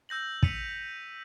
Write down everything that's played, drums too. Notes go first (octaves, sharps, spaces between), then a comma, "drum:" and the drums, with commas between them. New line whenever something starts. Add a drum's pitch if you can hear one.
E6 G6 A#6 F#7
B6 C#7 D#7 F7, drum: kick